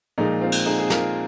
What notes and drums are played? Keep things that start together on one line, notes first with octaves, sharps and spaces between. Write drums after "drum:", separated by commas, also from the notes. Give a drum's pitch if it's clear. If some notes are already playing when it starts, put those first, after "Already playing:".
A#2 F3 G#3 D#4
C4 F4
drum: cymbal
D#4 G#4
G#4
F4 A#4, drum: snare